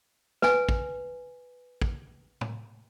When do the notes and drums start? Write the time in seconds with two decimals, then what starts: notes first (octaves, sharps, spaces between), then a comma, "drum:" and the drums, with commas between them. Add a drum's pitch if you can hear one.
0.42 B4 G#5, drum: snare
0.69 drum: kick
1.82 drum: kick
2.41 drum: tom